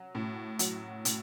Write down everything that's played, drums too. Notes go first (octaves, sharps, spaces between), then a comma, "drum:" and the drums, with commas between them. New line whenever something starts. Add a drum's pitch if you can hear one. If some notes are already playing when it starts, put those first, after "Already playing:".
Already playing: F#3
A2
F#3, drum: hi-hat
A2, drum: hi-hat